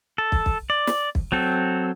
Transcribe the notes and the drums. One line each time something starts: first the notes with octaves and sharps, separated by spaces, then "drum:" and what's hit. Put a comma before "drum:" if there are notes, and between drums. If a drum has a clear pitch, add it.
A4
drum: kick
drum: kick
D5
drum: snare
drum: kick
F#3 C4 A4